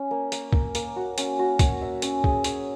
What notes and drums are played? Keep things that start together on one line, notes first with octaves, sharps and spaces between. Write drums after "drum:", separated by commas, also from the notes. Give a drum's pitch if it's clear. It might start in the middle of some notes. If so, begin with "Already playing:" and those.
Already playing: C#4
A#3
A#3, drum: hi-hat
A#3, drum: kick
A#3, drum: hi-hat
F#4
C#4, drum: hi-hat
F#4
C#5, drum: kick, hi-hat
E5
C#4, drum: hi-hat
G#4, drum: kick
C#5, drum: hi-hat